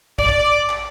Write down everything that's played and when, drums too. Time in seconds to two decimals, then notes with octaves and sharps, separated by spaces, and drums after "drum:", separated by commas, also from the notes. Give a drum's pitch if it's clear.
0.19 D5, drum: kick
0.70 drum: clap